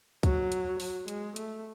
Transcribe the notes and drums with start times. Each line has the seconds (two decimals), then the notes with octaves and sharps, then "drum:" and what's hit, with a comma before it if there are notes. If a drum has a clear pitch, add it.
0.23 F#3, drum: kick, hi-hat
0.52 drum: hi-hat
0.80 F#3, drum: open hi-hat
1.08 G#3, drum: hi-hat
1.36 A3, drum: hi-hat